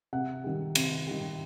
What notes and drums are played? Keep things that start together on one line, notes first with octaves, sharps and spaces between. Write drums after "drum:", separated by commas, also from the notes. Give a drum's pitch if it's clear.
C3 F#5
D#3 G3
C3, drum: cymbal
D#3 G3